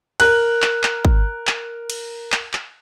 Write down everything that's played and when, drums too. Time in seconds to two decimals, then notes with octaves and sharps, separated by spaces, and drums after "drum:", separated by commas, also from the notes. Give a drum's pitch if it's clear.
0.20 A#4 F#6, drum: cymbal
0.62 drum: clap
0.83 drum: clap
1.05 drum: kick
1.47 drum: clap
1.90 drum: cymbal
2.32 drum: clap
2.53 drum: clap